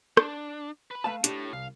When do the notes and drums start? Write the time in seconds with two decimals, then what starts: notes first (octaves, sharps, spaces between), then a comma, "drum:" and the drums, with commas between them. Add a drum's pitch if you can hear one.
0.17 D4, drum: rim click
0.91 B4 B5
1.04 A3 F5 A5
1.24 A2 D4 G4, drum: hi-hat
1.53 C2 F5